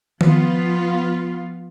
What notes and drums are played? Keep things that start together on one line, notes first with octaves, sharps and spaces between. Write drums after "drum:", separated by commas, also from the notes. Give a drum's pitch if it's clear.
F3 B3 F4, drum: tom D#3